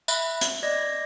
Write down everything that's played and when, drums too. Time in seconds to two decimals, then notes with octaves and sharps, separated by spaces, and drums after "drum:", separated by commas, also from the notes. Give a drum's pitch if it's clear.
0.08 E5 B5 F#6, drum: tambourine
0.41 drum: hi-hat
0.63 D5 D#5 G#6 A#6